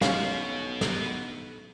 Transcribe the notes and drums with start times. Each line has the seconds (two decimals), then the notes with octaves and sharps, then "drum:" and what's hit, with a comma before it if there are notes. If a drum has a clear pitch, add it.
0.01 B1 B3 C#4 F#4 F5, drum: snare
0.81 drum: snare